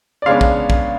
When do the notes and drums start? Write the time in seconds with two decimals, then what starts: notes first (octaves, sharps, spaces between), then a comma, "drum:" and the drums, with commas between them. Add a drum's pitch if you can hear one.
0.22 D5
0.26 C#3 G#3 B3 D4 C#5 F5
0.41 drum: kick
0.70 drum: kick